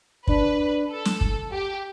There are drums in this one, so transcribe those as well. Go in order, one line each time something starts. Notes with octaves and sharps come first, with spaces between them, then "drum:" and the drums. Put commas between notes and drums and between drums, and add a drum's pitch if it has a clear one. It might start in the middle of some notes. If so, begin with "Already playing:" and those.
D4 B4, drum: kick
A4
drum: snare
drum: kick
G4